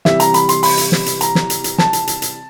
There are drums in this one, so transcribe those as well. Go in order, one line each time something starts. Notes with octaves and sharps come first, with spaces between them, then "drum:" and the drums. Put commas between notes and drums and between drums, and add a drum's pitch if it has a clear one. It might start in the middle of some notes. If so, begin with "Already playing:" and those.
C3 E3 G3 E5, drum: snare
A#5, drum: hi-hat
B5, drum: hi-hat
C6, drum: hi-hat
B5, drum: open hi-hat
drum: hi-hat
drum: snare
drum: hi-hat
A#5, drum: hi-hat
drum: snare
drum: hi-hat
drum: hi-hat
A5, drum: snare
drum: hi-hat
drum: hi-hat
drum: hi-hat